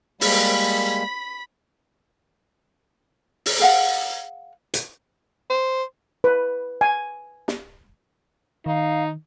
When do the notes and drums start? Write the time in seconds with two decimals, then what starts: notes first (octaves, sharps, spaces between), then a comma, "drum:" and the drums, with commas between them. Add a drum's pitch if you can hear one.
0.21 G3 G#3 A#3 B5 B6, drum: open hi-hat
3.46 drum: open hi-hat
3.59 G#4 F5 F#5
4.74 drum: hi-hat
5.50 C5
6.24 B4
6.81 G#5
7.48 drum: snare
8.66 D#3 D#4 F5